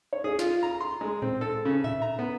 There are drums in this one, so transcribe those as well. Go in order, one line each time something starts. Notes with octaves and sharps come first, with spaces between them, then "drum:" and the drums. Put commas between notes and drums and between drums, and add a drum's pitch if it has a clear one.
C#5
G#4
F4, drum: snare
A#5
C6
G#3
C4, drum: tom A2
A4
C#3
E5, drum: tom A2
A#5
B3